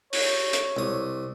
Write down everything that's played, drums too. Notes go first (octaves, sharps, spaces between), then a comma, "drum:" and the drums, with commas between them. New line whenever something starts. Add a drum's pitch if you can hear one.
C#5, drum: open hi-hat
drum: hi-hat
C2 D#6